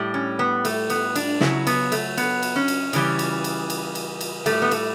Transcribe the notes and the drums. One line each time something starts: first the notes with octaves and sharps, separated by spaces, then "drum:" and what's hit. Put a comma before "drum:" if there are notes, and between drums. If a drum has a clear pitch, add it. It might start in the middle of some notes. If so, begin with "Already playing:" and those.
Already playing: A2 G3
C#4
B3
A3, drum: cymbal
B3, drum: cymbal
D4, drum: cymbal
C#3 F#3 E4, drum: snare
B3, drum: cymbal
A3, drum: cymbal
B3, drum: cymbal
drum: cymbal
C#4
drum: cymbal
C#3 E3 G3, drum: cymbal
drum: cymbal
drum: cymbal
drum: cymbal
drum: cymbal
drum: cymbal
A2 G3 A3, drum: cymbal
B3
A3, drum: cymbal